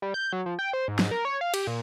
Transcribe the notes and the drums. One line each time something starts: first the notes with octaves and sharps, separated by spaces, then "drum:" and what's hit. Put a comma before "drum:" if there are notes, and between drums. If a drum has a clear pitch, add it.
G3
G6
F#3
F3
G5
C5
G#2
drum: snare
A#4
C#5
F5
G4, drum: cymbal
A#2